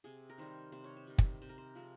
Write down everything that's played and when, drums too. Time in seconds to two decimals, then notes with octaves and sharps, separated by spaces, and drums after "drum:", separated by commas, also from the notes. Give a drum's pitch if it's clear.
0.04 C3 G#4
0.30 A#4
0.38 D#3 G3 C5
0.72 C3 C5
0.84 C#5
0.97 C5
1.07 D#3 G3
1.18 drum: kick
1.42 C3 C5
1.49 A#4
1.58 C5
1.75 F3 G#3 C4